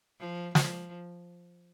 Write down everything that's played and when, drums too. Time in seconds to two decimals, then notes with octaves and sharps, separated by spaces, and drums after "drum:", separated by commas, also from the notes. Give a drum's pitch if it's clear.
0.20 F3
0.55 F3, drum: snare